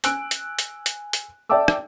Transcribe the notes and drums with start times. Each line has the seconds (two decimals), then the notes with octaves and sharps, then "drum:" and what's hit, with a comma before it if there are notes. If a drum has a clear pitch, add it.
0.04 G#5 E6 F#6 D7, drum: hi-hat
0.31 drum: hi-hat
0.59 drum: hi-hat
0.86 drum: hi-hat
1.13 drum: hi-hat
1.49 D5 E5 G5 A5 D6 E6
1.68 drum: rim click